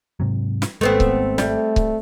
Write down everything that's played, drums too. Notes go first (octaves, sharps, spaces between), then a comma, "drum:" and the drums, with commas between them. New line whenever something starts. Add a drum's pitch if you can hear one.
G#2 C3 F#3
drum: snare
G#1 G#3 A3 B3 C4
drum: kick C#1
G3 A3, drum: snare
drum: kick C#1